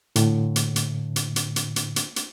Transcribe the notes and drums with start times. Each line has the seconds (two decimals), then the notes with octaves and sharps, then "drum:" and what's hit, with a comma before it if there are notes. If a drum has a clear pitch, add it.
0.16 A2 D3, drum: hi-hat
0.56 drum: hi-hat
0.76 drum: hi-hat
1.16 drum: hi-hat
1.36 drum: hi-hat
1.56 drum: hi-hat
1.76 drum: hi-hat
1.96 drum: hi-hat
2.16 drum: hi-hat